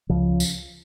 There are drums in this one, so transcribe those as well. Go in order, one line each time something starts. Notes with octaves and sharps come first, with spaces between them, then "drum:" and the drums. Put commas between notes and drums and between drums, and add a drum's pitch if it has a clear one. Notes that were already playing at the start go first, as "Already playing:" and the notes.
C#2 C#3 F3
drum: tambourine